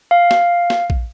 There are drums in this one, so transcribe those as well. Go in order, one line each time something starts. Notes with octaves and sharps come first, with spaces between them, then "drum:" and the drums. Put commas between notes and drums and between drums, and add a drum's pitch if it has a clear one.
F5
drum: snare
drum: snare
drum: kick